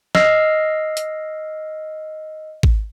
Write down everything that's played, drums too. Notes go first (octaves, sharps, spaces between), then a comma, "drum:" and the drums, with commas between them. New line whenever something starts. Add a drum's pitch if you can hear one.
D#5 E6 F6 C7, drum: snare
drum: hi-hat
drum: kick